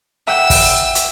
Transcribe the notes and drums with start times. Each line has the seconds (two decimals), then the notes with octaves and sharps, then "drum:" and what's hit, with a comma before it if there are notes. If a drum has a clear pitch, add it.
0.27 E5 F#5 G5 E6
0.50 drum: kick, open hi-hat
0.95 drum: hi-hat